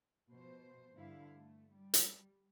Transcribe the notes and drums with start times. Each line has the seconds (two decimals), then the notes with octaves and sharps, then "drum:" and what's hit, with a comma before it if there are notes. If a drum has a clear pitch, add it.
0.30 B2 F3 C5
0.95 G2 D3 E4 F5
1.36 A3
1.73 G3
1.94 drum: hi-hat